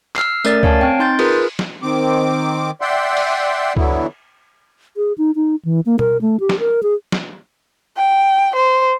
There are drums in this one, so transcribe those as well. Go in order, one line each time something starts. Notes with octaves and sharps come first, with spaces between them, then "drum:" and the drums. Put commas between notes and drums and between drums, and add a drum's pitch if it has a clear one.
E6 F6 C7, drum: clap
A3 C#4 A#4 D5 A6, drum: tambourine
C#5 F5 G#5 A5, drum: kick C#2
C4 G5
D#4 C6 G6 A6
F4 G#4 A#4 B4, drum: cymbal
drum: snare
D#3 C4 D6
D5 E5 F#5 G5 C6
drum: cymbal
D3 E3 F#3 B3 E4, drum: kick C#2
G#4
D#4
D#4
E3
A#3
A#4, drum: tom B2
A3
G4
drum: snare
A#4
G#4
drum: snare
G5
C5